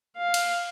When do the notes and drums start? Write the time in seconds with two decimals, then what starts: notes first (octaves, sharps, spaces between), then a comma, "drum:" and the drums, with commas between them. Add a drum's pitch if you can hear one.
0.16 F5
0.34 drum: cymbal